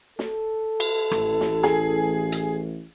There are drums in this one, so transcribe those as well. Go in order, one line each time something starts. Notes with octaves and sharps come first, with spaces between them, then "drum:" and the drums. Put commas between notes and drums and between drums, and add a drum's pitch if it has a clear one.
A4, drum: snare
drum: cymbal
A1, drum: rim click
drum: snare
G#4, drum: snare
drum: hi-hat